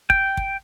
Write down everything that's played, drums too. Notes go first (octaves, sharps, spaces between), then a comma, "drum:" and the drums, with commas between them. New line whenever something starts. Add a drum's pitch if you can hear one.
G5, drum: kick
drum: kick